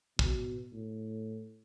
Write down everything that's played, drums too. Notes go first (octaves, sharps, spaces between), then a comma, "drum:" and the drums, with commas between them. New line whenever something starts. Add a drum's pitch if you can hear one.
B2, drum: kick
A2